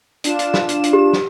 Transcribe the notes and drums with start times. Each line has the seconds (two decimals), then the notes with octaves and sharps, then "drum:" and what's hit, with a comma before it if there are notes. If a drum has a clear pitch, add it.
0.24 D4 F4 E7, drum: hi-hat
0.39 drum: hi-hat
0.54 drum: snare
0.69 drum: hi-hat
0.83 drum: hi-hat
0.93 G4
1.13 drum: snare